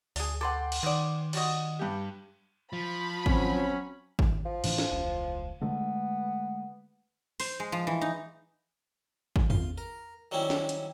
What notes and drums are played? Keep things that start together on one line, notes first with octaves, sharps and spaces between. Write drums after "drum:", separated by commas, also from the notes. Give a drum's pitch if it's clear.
D2 D4 G#4, drum: open hi-hat
A4 B4 F#5 G5 C6 D6
drum: cymbal
D#3 B3 D5
G3 F#4 D#5, drum: cymbal
G2 G4
F3 B5
F#3 C4 C#4, drum: kick G#1
drum: kick G#1
F3
A2 E3 D4, drum: cymbal
drum: snare
E1 C#2
D3 G#3 A3 B3
C5, drum: open hi-hat
G#3
F3
E3
D#4
drum: kick G#1
F4, drum: tom E2
A#4
D#3 F#3 G3 C4 C#4 E4
drum: snare
drum: hi-hat